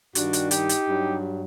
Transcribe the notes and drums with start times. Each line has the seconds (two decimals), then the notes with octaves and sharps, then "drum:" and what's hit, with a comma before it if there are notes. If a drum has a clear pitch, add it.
0.15 G2 D#3 G3 D4 F#4, drum: hi-hat
0.33 drum: hi-hat
0.51 D#4 G4, drum: hi-hat
0.69 drum: hi-hat
0.88 G2 F#3